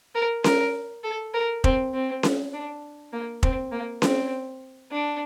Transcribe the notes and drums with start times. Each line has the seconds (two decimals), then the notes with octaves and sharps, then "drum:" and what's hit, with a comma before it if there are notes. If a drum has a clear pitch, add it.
0.15 A#4
0.44 A#4, drum: snare C#4
1.04 A4
1.34 A#4
1.64 C4, drum: kick
1.94 C4
2.23 drum: snare C#4
2.53 D4
3.13 A#3
3.43 C4, drum: kick
3.72 A#3
4.02 C4, drum: snare C#4
4.91 D4